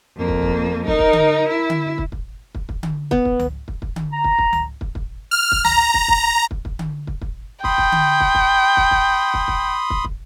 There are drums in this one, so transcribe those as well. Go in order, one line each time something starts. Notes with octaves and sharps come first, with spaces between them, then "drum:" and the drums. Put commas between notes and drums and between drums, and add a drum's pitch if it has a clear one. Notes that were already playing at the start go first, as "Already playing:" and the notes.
F2 A#3
drum: kick
drum: kick
D#4 A#4, drum: kick
drum: kick
drum: tom D3
E4
drum: tom D3
drum: kick
drum: kick
drum: kick
drum: kick
drum: tom D3
B3, drum: kick
drum: kick
drum: tom C#2
drum: kick
drum: kick
drum: tom D3
A#5
drum: kick
drum: kick
drum: tom C#2
drum: kick
drum: kick
F6
drum: kick
A#5, drum: tom C#2
drum: kick
drum: kick
drum: kick
drum: kick
drum: tom D3
drum: kick
drum: kick
G5 B5 C6 D#6, drum: kick
drum: kick
drum: tom D3
drum: kick
drum: kick
drum: kick
drum: kick
drum: kick
drum: kick
drum: kick
drum: kick